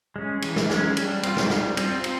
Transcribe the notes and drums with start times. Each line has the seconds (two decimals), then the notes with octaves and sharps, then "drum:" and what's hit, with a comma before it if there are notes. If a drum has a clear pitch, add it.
0.16 G#3 C#4
0.42 E3, drum: cymbal
0.56 drum: snare
0.70 G#3 C#4, drum: snare
0.97 G3, drum: cymbal
1.23 C4 F4, drum: cymbal
1.37 drum: snare
1.50 G3, drum: snare
1.77 C4 F4, drum: cymbal
2.04 C4, drum: cymbal